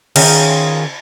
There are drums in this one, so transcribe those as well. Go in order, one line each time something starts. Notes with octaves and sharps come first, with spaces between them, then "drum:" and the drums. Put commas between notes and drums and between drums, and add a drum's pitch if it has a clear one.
D#3 C#4 F4 G#4, drum: cymbal